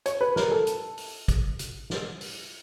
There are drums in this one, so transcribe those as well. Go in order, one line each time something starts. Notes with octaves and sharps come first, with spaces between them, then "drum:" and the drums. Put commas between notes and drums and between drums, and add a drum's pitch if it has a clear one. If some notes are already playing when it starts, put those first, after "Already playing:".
C#5, drum: hi-hat
B4
A#4, drum: snare
A4
drum: hi-hat
drum: open hi-hat
drum: kick, hi-hat
drum: hi-hat
drum: snare
drum: open hi-hat